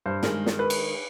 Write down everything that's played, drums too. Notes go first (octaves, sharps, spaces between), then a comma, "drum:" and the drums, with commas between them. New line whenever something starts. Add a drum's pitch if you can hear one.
G2 C5
D#3 G#3, drum: snare
drum: snare
B4
drum: cymbal